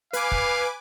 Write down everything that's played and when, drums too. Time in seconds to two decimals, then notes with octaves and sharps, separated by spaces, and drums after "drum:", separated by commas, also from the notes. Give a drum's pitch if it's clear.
0.13 B4 F5 G#5 D6, drum: hi-hat
0.32 drum: kick